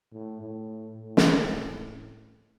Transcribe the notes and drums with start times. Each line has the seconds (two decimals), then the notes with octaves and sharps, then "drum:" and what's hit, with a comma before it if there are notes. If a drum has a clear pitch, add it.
0.12 A2
0.41 A2
0.98 A2
1.17 drum: snare